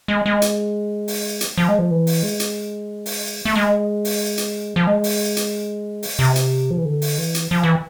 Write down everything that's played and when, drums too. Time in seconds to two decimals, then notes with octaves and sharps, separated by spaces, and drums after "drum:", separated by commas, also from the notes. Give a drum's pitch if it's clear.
0.08 G#3
0.26 G#3
0.42 drum: hi-hat
1.08 drum: open hi-hat
1.41 drum: hi-hat
1.57 F3
1.69 G#3
1.79 F3
1.91 E3
2.07 drum: open hi-hat
2.23 G#3
2.40 drum: hi-hat
3.06 drum: open hi-hat
3.45 A3
3.56 G#3
4.05 drum: open hi-hat
4.38 drum: hi-hat
4.76 F3
4.87 G#3
5.04 drum: open hi-hat
5.37 drum: hi-hat
6.03 drum: open hi-hat
6.19 C3
6.36 drum: hi-hat
6.71 F3
6.78 E3
6.85 D3
7.02 drum: open hi-hat
7.18 E3
7.35 drum: hi-hat
7.51 F3
7.63 E3